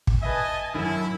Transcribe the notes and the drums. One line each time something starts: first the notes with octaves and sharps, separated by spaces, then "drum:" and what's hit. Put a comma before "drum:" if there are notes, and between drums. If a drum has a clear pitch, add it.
drum: kick G#1
B4 D#5 E5 G#5 A5
F#2 A2 D#3 E4